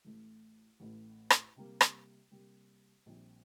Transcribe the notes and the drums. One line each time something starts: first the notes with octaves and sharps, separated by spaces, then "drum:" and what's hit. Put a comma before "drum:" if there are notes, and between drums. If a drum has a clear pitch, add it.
A1 A2 A3
A1 A2 A3
drum: rim click
C3 G3 A#3
drum: rim click
C3 G3 A#3
A#1 A#2 G3 C4